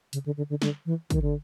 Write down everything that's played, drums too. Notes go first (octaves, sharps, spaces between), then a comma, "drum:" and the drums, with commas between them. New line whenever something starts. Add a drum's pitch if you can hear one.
C#3, drum: hi-hat
D3
D3
D3
D3, drum: snare
E3
D#3, drum: kick, hi-hat
D3